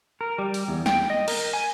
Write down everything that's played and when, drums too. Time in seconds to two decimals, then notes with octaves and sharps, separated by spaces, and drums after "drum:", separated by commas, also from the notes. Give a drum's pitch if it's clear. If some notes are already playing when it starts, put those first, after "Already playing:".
0.21 A#4
0.38 G3
0.54 drum: open hi-hat
0.68 E2
0.86 G5, drum: snare
1.10 D#5
1.28 A#4, drum: cymbal
1.53 G#5